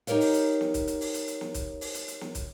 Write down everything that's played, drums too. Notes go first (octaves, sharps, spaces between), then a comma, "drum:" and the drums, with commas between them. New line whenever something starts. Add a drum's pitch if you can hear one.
D#4 G4 A#4 C#5 F5, drum: hi-hat
drum: open hi-hat
drum: hi-hat
drum: snare
drum: kick, hi-hat
drum: hi-hat
drum: open hi-hat
drum: hi-hat
drum: hi-hat
drum: snare
drum: kick, hi-hat
drum: open hi-hat
drum: hi-hat
drum: hi-hat
drum: snare
drum: kick, hi-hat